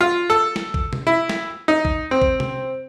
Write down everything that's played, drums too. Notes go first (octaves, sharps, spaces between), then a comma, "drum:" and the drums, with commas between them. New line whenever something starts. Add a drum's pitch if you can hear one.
F4
A4
drum: snare
drum: kick A#1
drum: tom C3
E4
drum: snare
D#4
drum: kick A#1
C4
drum: kick A#1
drum: tom C3